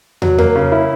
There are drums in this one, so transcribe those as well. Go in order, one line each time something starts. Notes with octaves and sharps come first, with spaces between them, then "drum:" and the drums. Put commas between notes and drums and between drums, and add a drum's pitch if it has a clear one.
F#3, drum: tom
A#3, drum: tom
C#3
E4